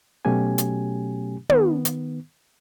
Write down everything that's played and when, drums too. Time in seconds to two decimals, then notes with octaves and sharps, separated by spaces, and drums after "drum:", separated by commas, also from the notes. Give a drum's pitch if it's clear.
0.25 B2 F#3 A3 C#4 G4 G#5
0.58 drum: hi-hat
1.50 D#3 B3, drum: tom
1.85 drum: hi-hat